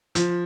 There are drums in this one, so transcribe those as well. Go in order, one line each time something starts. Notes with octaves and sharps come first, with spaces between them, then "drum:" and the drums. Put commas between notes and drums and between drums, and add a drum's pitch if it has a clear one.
F3, drum: hi-hat